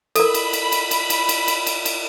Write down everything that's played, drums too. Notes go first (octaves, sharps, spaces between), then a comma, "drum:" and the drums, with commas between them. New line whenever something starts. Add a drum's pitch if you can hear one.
A4 A#4 B5, drum: cymbal
drum: cymbal
drum: cymbal
drum: cymbal
drum: cymbal
drum: cymbal
drum: cymbal
drum: cymbal
drum: cymbal
drum: cymbal